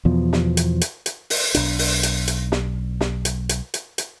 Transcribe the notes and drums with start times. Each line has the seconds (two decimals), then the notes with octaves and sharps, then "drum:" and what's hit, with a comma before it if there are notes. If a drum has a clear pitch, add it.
0.05 E2 B2 F3
0.33 drum: snare
0.57 drum: hi-hat
0.81 drum: hi-hat
1.06 drum: hi-hat
1.30 drum: open hi-hat
1.54 B1 D4, drum: hi-hat
1.79 drum: open hi-hat
2.03 drum: hi-hat
2.28 drum: hi-hat
2.52 drum: snare
3.01 drum: snare
3.25 drum: hi-hat
3.49 drum: hi-hat
3.74 drum: hi-hat
3.98 drum: hi-hat